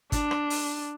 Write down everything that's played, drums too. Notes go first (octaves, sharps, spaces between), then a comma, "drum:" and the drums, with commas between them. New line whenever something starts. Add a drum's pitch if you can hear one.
D4, drum: kick, hi-hat
drum: rim click
drum: open hi-hat